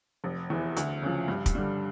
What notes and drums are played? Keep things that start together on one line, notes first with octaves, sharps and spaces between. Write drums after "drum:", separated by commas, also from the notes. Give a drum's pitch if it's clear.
F1
E2 E3
D2, drum: hi-hat
C#3 F3
G2
drum: kick, hi-hat
D3 G3